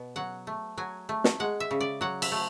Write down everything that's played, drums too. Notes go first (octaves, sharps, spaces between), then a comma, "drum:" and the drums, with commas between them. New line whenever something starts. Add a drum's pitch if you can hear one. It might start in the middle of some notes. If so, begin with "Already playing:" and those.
Already playing: B2
F#3 F#5
A3
F#3 G#5
A3
drum: snare
G#3 F#5
E5
C#3
D5
F#3 F#5
E5, drum: cymbal
A3